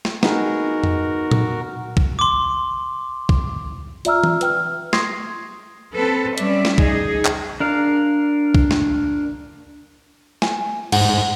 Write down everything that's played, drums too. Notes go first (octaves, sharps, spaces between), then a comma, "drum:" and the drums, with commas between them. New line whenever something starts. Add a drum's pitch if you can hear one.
drum: snare
B3 D#4 F#4 G#4 A#4, drum: snare
drum: tom F2
drum: tom A#2
drum: kick
C6 D6
drum: kick
F4 D5 E5 A#5 E6 F6, drum: hi-hat
drum: tom
B4 G5 F6, drum: hi-hat
C6 C#6 D#6 G#6 A#6 C7, drum: snare
C4 A4 B4
G3 C#4 D5 E5, drum: hi-hat
drum: snare
D#4 G#4, drum: kick
drum: clap
D4 A#4 F5
drum: kick
drum: snare
G#5, drum: snare
G#2 F#5, drum: cymbal